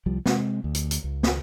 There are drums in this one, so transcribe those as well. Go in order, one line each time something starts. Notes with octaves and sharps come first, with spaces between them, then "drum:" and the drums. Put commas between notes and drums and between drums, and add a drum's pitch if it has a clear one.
C2 F3 G3
C3 G#3 C4, drum: snare
D2
drum: hi-hat
drum: hi-hat
C#2
drum: snare